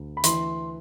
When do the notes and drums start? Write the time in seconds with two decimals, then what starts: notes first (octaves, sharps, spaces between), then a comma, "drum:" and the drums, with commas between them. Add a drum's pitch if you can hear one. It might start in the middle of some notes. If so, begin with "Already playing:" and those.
Already playing: D2
0.17 B5
0.24 E3 C6, drum: hi-hat